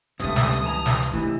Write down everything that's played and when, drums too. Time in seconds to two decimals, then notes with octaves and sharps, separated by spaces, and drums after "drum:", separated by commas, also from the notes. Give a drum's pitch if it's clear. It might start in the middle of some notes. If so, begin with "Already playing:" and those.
0.20 C#2 G2 C3 F3 A3 D#6, drum: hi-hat
0.36 drum: snare
0.53 drum: hi-hat
0.64 E3 A5 A#5
0.86 drum: snare
1.02 drum: hi-hat
1.13 C3 E3 A3